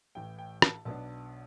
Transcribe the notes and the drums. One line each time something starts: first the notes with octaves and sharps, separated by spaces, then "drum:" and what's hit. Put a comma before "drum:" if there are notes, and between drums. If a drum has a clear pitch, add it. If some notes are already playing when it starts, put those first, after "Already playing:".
A1 A2 E3 G5
G5
A5, drum: rim click
B1 B2 B3 D4 A5